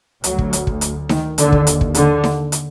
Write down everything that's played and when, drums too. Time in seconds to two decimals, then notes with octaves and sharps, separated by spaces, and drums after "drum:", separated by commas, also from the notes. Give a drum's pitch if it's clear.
0.24 D2 F#3, drum: hi-hat
0.38 drum: kick
0.53 drum: hi-hat
0.67 drum: kick
0.81 drum: hi-hat
1.09 D#3, drum: snare D#4
1.38 D#2 D3, drum: hi-hat
1.52 drum: kick
1.67 drum: hi-hat
1.81 drum: kick
1.95 D3, drum: hi-hat
2.24 drum: snare D#4
2.52 drum: hi-hat